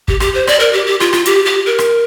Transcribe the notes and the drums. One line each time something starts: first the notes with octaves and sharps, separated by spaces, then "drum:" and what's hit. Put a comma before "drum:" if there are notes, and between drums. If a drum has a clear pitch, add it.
G4, drum: kick
G4, drum: rim click
C5
D5, drum: rim click
A#4
G4
G4
F4, drum: rim click
F4, drum: rim click
G4, drum: hi-hat
G4
A#4
drum: rim click